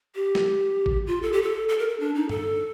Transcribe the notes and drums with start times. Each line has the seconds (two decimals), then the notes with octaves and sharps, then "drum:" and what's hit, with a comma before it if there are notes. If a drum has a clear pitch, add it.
0.15 G4
0.35 drum: snare
0.86 drum: kick G#1
1.07 F4
1.22 A4
1.33 G4
1.42 A4
1.69 A4
1.79 A#4
1.89 A4
2.00 D4
2.15 D#4
2.29 A4, drum: tom G2